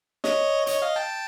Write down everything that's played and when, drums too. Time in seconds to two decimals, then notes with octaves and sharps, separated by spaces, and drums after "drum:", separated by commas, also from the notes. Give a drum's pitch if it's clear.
0.24 C#5 D#5, drum: snare
0.67 C#5 D#5, drum: hi-hat
0.82 D#5 F5
0.96 G5 A5